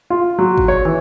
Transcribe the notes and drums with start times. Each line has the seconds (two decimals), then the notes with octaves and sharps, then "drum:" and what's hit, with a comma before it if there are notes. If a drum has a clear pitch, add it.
0.10 F4
0.39 F#3
0.58 drum: kick
0.68 C#5
0.85 E3